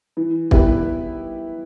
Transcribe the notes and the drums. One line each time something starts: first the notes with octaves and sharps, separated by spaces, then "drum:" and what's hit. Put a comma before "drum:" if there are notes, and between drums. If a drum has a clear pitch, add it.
E3
B3 E4 G4 B4, drum: kick